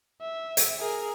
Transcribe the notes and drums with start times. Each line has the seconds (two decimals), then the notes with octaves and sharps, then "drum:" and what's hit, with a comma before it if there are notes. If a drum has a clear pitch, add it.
0.21 E5
0.57 drum: hi-hat
0.80 G#4 A#4